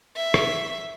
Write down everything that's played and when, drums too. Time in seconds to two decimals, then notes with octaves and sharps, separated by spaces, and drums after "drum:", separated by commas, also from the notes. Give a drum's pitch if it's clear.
0.17 E5
0.34 drum: rim click